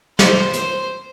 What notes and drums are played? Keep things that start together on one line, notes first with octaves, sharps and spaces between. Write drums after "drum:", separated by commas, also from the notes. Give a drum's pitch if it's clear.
C5, drum: snare
C5, drum: hi-hat